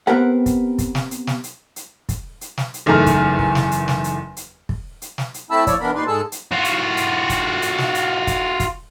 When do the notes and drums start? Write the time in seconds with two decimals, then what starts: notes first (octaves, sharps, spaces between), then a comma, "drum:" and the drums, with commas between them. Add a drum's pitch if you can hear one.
0.07 B3 C4 G4 A#4 B4 F#5
0.46 drum: kick, hi-hat
0.78 drum: kick, hi-hat
0.95 drum: snare
1.11 drum: hi-hat
1.27 drum: snare
1.44 drum: hi-hat
1.76 drum: hi-hat
2.09 drum: kick, hi-hat
2.41 drum: hi-hat
2.58 drum: snare
2.74 drum: hi-hat
2.86 F#1 E2 D#3 A3 A#5 F6
3.06 drum: kick, hi-hat
3.39 drum: kick
3.55 drum: snare
3.71 drum: hi-hat
3.88 drum: snare
4.04 drum: hi-hat
4.37 drum: hi-hat
4.69 drum: kick
5.02 drum: hi-hat
5.18 drum: snare
5.34 drum: hi-hat
5.50 A3 C4 E4 A5 B5 E6
5.67 A2 F3 C#5 D5 E6, drum: kick, hi-hat
5.81 B2 E3 B3 D4 A#4 B5
5.95 A#2 G3 D#4 B4 D5 C6
6.07 G#2 G#3 G#4 A4 A5 E6
6.32 drum: hi-hat
6.51 F4 F#4
6.64 drum: hi-hat
6.97 drum: hi-hat
7.30 drum: kick, hi-hat
7.62 drum: hi-hat
7.78 drum: snare
7.95 drum: hi-hat
8.27 drum: kick, hi-hat
8.60 drum: kick, hi-hat